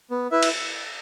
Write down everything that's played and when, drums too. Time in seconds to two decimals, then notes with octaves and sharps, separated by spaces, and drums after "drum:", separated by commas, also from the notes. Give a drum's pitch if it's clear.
0.11 B3
0.31 E4 B4 E5
0.43 drum: cymbal